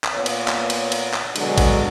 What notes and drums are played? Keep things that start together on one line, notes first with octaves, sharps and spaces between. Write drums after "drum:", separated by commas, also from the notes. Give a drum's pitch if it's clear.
drum: clap
A#2 A#3 B3 C#5
drum: cymbal
drum: clap
drum: cymbal
drum: cymbal
drum: clap
B2 D3 F#3 G#3, drum: cymbal
drum: kick, cymbal